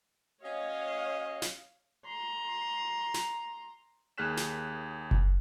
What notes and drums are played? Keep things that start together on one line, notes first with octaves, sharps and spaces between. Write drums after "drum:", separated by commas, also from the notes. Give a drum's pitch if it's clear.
C#4 F#4 C#5 D#5 F5
drum: snare
A#5 C6
drum: snare
D#2 G#4 F6 F#6 B6 E7
drum: snare
drum: kick F#1